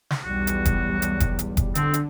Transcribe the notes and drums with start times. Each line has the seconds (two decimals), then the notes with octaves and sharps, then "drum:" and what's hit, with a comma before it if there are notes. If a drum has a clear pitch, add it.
0.10 drum: snare
0.24 B1 E2 G3 F#4
0.47 drum: hi-hat
0.65 drum: kick F1, hi-hat
1.02 drum: hi-hat
1.20 drum: kick F1, hi-hat
1.39 drum: hi-hat
1.57 drum: kick F1, hi-hat
1.75 D3 C4, drum: hi-hat
1.94 drum: hi-hat